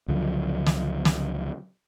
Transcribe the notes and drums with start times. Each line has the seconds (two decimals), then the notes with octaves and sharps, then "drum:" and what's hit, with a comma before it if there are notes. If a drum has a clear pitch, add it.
0.08 C#2 D3 F3 F#3
0.66 drum: snare
1.05 drum: snare